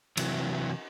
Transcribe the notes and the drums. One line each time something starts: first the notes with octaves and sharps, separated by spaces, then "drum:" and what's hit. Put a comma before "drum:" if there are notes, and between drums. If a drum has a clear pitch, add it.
C3 E3 F#3, drum: cymbal